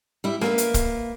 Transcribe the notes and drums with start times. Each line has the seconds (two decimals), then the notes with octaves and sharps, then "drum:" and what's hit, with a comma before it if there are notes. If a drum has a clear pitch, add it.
0.24 G3 E4
0.41 A#3 B4, drum: snare
0.58 drum: hi-hat
0.74 drum: kick, hi-hat